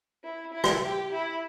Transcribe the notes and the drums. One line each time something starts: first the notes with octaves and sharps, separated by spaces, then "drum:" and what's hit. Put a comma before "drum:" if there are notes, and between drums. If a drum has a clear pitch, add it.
E4
E4
drum: rim click
G4
E4